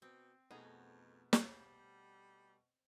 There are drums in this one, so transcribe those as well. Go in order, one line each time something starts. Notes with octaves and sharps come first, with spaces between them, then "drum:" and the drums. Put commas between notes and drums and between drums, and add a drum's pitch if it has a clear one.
B2 C4
F2 B2 A3 B3 D#4 G#4 A#5
G3 C5, drum: snare